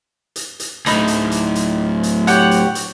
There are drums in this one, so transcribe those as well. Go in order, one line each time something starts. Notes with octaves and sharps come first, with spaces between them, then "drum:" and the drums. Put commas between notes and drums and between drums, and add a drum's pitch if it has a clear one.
drum: hi-hat
drum: hi-hat
D2 A2 D#4 B5, drum: hi-hat
drum: hi-hat
drum: hi-hat
drum: hi-hat
drum: hi-hat
G4 C#5 F#5, drum: hi-hat
drum: hi-hat
drum: hi-hat